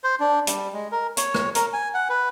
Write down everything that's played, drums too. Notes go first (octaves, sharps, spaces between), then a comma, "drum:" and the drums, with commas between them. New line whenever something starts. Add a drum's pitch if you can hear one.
C5
D4
G3, drum: hi-hat
G#3
A#4
C#5, drum: hi-hat
drum: rim click
A#4, drum: hi-hat
G#5
F#5
B4